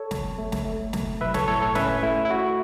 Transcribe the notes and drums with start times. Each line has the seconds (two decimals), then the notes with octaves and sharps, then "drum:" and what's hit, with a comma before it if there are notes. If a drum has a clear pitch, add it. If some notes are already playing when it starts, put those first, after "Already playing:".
Already playing: A4 C#5
0.11 B1, drum: snare
0.38 A3
0.52 drum: snare
0.65 A3
0.93 B1, drum: snare
1.21 B1 B4 E5
1.34 A4 C#5, drum: snare
1.48 A2 A4 C#5
1.62 A4 C#5
1.75 C#4 B4 E5, drum: snare
2.03 A3 E4
2.25 E4
2.30 A3 F#4